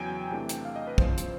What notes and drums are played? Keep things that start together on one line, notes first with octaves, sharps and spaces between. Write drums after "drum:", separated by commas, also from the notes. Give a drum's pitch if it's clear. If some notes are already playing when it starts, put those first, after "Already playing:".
Already playing: E2 C#3 F#3 G5 G#5
C3 E3 A3 D4
drum: hi-hat
F5
D#5
B4
E2 C#3 F3 C5, drum: kick
drum: hi-hat